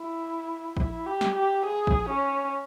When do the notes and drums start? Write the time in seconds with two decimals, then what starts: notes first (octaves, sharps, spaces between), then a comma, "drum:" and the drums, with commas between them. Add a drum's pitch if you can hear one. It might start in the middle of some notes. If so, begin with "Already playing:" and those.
Already playing: E4
0.77 E4, drum: kick A#1
1.06 G4
1.21 drum: snare
1.35 G4
1.65 G#4
1.87 drum: kick A#1
2.10 C#4